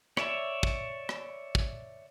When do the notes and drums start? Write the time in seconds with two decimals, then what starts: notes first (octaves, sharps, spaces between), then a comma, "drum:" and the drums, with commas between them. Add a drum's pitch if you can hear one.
0.17 C#5 D5 E5, drum: rim click
0.63 drum: kick
1.09 drum: rim click
1.55 drum: kick